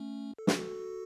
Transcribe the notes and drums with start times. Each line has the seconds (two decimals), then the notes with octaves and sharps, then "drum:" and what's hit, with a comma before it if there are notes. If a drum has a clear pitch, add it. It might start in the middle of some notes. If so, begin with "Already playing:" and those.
Already playing: A3 C#4
0.38 A4
0.47 G#4, drum: snare
0.56 F#4 A4